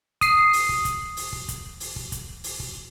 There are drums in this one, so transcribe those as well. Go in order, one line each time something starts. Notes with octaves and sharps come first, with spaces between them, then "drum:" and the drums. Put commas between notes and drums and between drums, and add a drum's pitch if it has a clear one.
D#6 C7, drum: kick, hi-hat
drum: open hi-hat
drum: kick
drum: kick, hi-hat
drum: open hi-hat
drum: kick
drum: kick, hi-hat
drum: open hi-hat
drum: kick
drum: kick, hi-hat
drum: open hi-hat
drum: kick